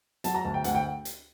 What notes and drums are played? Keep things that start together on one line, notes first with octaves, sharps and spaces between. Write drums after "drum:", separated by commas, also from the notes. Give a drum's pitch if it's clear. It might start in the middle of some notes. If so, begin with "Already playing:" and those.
F#3 A5, drum: hi-hat
A#5
D2 A5
G5
D2 F#5, drum: hi-hat
G5
drum: hi-hat